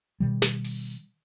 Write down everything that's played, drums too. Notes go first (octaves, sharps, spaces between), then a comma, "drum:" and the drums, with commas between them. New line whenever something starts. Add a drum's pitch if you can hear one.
B2 D#3 G3
drum: snare
drum: open hi-hat